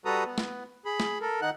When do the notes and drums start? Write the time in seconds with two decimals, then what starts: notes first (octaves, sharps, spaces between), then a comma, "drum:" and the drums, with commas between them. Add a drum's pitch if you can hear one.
0.05 G3 F#4 A4 B4 A#5 D#6
0.25 B3
0.38 drum: snare
0.85 G#4 B5
1.00 drum: snare
1.21 A4 A#4
1.42 D#3 D#4 F#5 F#6